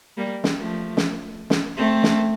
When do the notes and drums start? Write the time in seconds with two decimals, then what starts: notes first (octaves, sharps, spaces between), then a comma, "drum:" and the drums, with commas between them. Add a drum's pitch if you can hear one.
0.17 G3 A#3
0.44 drum: snare
0.57 F3 A3
0.97 drum: snare
1.50 drum: snare
1.77 A3 C4
2.03 drum: snare